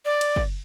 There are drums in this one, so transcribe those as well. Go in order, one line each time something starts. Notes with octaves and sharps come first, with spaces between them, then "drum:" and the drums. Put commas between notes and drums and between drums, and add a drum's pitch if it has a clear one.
D5
drum: cymbal
drum: kick